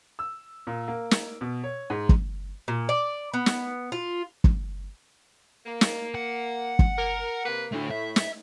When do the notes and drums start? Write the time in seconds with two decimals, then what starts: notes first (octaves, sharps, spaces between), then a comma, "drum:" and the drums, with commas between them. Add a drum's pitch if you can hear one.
0.19 E6
0.67 A#2
0.88 A#3
1.11 drum: snare
1.41 B2
1.64 C#5
1.90 G#2
2.09 drum: kick
2.68 A#2
2.89 D5
3.34 B3
3.46 drum: snare
3.92 F4
4.44 drum: kick
5.66 A#3
5.81 drum: snare
6.15 F#5
6.79 drum: kick
6.98 A#4
7.45 C3 A#3 B4
7.72 A2 A3 D4
7.91 E5
8.16 drum: snare